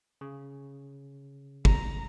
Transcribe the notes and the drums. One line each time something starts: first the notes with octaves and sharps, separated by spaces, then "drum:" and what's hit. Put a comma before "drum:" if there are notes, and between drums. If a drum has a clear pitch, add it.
C#3
A#5, drum: kick